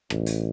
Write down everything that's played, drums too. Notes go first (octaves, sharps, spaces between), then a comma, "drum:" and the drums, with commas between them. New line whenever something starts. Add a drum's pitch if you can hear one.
A1, drum: rim click
drum: hi-hat